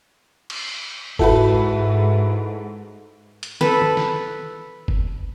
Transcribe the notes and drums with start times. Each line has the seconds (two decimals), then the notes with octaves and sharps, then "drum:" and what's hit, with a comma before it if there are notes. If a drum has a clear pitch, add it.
0.50 drum: cymbal
1.19 G#2 E4 F#4 A4 B4, drum: kick G1
3.43 drum: hi-hat
3.61 A4 B4, drum: snare
3.82 drum: tom
3.97 drum: snare
4.88 drum: kick G1